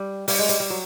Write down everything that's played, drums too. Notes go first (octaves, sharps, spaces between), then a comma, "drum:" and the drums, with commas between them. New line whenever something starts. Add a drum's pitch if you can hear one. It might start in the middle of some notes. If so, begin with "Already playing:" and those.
Already playing: G3
G3, drum: open hi-hat
G#3
G3, drum: hi-hat
G3
F#3